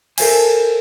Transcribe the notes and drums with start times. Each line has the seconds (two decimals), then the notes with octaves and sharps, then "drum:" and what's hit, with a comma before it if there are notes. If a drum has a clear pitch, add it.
0.18 A4 A#4 C5 E5 F5 G#5, drum: cymbal